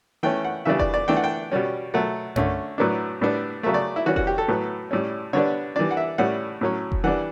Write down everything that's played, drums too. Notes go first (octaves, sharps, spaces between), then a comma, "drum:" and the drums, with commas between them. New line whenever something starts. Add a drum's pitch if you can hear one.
E3 A3 C#4 G5
F#5
C#3 E3 G3 D4 E5
D5, drum: kick F1
D5
E3 A3 D4 G5
F#5
G5
B2 G3 C#4
B2 F#3 A3 F#5
D3 A3 C#4, drum: tom G2
A2 F#3 B3 D4
A2 G3 B3 D4
C#3 F#3 A3 E5
D5
E4
E3 G3 C#4 F#4
F#4, drum: kick F1
G4
A4
A2 F#3 B3
A2 G3 C#4
D3 G3 B3 D4 C#5
E3 G3 D4 D5
F#5
E5
A2 G3 C#4 F#5
A2 F#3 C#4
drum: kick F1
E3 G3 D4 F#5